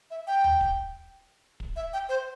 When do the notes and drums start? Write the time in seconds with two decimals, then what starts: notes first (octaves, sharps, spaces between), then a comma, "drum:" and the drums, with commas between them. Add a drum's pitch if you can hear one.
0.11 E5
0.27 G5
0.44 drum: tom D#2
0.61 drum: kick
1.60 drum: kick
1.76 E5
1.93 G5
2.09 C5